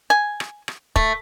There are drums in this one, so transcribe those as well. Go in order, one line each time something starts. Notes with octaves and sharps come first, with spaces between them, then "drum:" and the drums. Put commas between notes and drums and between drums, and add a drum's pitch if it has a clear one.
G#5
drum: rim click
drum: rim click
A3, drum: kick